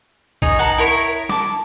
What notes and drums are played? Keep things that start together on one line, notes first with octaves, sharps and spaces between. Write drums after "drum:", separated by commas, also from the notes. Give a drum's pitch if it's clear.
D#4 G#4 C#5 D#5, drum: kick B1
F#5 A5 A#5
E4 A#4 C#5 C#6
A5 D6, drum: snare